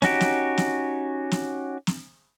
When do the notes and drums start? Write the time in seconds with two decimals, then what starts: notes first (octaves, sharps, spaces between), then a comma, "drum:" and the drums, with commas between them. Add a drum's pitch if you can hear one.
0.02 C#4 D#4 F#4 G4, drum: snare
0.21 drum: snare
0.58 drum: snare
1.31 drum: snare
1.87 drum: snare